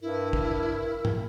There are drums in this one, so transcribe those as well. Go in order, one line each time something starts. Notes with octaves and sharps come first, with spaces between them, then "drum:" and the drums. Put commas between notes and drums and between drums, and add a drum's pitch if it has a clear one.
G2 E4 A#4
drum: kick
drum: tom